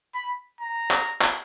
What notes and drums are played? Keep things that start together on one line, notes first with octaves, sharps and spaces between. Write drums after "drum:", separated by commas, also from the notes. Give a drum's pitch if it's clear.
B5
A#5
drum: clap
drum: clap